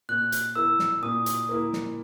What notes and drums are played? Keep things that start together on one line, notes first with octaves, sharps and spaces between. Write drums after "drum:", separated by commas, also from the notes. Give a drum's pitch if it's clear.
A#2 F#6
drum: hi-hat
A#3 E4 A#4 E6
drum: snare
A#2 D#6
drum: hi-hat
A#3 E4 A#4
drum: snare